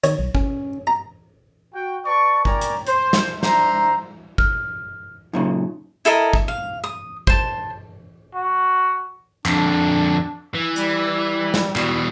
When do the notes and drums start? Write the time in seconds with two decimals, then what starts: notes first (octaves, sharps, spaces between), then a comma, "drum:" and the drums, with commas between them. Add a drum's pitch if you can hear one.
0.04 D#3 C#5, drum: hi-hat
0.19 B1
0.35 C#4, drum: kick
0.87 A#5
1.74 F#4 G5
2.05 B4 D5 A5 C#6
2.45 A#4 C#5 D5 G5 G#5 A#5, drum: kick
2.61 drum: hi-hat
2.86 C5, drum: hi-hat
3.13 drum: snare
3.43 D4 C5 E5 A#5, drum: snare
4.38 F6, drum: kick
5.33 F#2 A#2 C#3 D#4
6.05 E4 A4 A#4 D#5, drum: hi-hat
6.33 drum: kick
6.48 F5
6.84 D#6
7.27 C5 A5, drum: kick
8.35 F#4
9.45 F2 D3 D4, drum: clap
10.55 E3
10.76 G3, drum: hi-hat
11.54 drum: snare
11.76 B2 E3, drum: clap